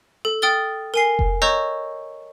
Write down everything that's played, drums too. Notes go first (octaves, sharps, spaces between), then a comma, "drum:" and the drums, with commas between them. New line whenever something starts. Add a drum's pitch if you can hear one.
A4
G5 D#6 F6 A6 G7
A#4 G#5 C7
drum: kick F1
C#5 D#5 A#5 C#6 E6 G6